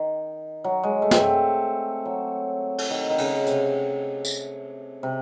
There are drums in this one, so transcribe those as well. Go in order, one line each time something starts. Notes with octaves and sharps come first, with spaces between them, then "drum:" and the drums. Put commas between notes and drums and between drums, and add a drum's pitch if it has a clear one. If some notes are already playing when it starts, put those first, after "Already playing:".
Already playing: D#3
F#3
G#3
A3
C4, drum: snare
A3
F#3
drum: cymbal
D#3
D#3
C#3, drum: cymbal
C3, drum: hi-hat
drum: tambourine
C3